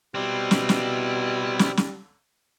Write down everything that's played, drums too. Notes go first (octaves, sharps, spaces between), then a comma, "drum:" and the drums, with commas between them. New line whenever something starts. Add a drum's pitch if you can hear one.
B2 G3 C4 E4
drum: snare
drum: snare
drum: snare
drum: snare